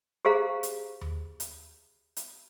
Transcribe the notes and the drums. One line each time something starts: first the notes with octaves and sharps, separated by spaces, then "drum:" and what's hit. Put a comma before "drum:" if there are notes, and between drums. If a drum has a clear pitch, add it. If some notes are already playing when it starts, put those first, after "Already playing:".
G4 G#4 C5 F5 A#5
drum: hi-hat
drum: tom D#2
drum: hi-hat
drum: hi-hat